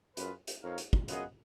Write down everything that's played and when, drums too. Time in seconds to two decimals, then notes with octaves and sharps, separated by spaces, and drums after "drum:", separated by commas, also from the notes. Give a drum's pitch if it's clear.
0.17 F#2 F4 G#4 B4, drum: hi-hat
0.47 drum: hi-hat
0.62 F2 D#4 A#4 C#5 F5
0.78 drum: hi-hat
0.93 drum: kick
1.08 F#2 B3 F4 G#4 D#5 F#5, drum: hi-hat